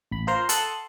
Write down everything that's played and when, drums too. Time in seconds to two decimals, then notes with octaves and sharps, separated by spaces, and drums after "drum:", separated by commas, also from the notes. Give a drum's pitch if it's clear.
0.11 A1 B5
0.27 F4 A#4 C5 A#5 C6
0.49 A4 F#5 A5 C6 D#6 F#6, drum: hi-hat